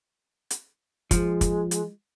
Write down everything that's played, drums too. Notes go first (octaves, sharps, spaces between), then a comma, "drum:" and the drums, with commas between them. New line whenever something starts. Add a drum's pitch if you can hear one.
drum: hi-hat
F3 G#3, drum: kick, hi-hat
drum: kick, hi-hat
drum: hi-hat